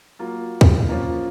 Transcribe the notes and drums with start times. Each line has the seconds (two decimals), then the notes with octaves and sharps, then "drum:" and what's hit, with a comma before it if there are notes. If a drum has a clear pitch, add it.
0.19 F#3 A#3 F4
0.61 drum: kick
0.89 F3 A#3 C#4 F4